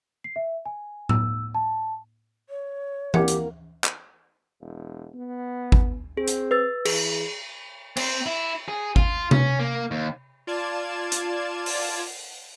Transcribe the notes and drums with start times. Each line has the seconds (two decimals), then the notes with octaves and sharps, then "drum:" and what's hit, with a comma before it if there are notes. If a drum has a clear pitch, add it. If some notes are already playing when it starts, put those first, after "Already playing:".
0.24 C7
0.36 E5
0.66 G#5
1.09 E6, drum: tom A2
1.55 A5
2.49 C#5
3.14 A#3 C4 E4 G4 F#5, drum: tom E3
3.28 drum: hi-hat
3.84 drum: clap
4.61 E1
5.14 B3
5.72 drum: kick G#1
6.17 C4 G#4
6.28 drum: hi-hat
6.51 B4 E6 A6
6.85 E3 G#4, drum: cymbal
7.97 C4, drum: cymbal
8.26 E4
8.68 G#4
8.96 F4, drum: kick G#1
9.31 C#4, drum: tom C3
9.59 A#3
9.91 D#2
10.47 F4 D5 A5 G#6 E7
11.12 drum: hi-hat
11.66 drum: open hi-hat